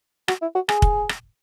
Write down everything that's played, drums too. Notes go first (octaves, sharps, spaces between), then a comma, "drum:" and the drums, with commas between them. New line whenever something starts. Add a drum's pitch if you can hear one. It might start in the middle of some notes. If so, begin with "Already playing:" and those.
F#4, drum: rim click
E4
F#4
G#4, drum: rim click
drum: kick
drum: rim click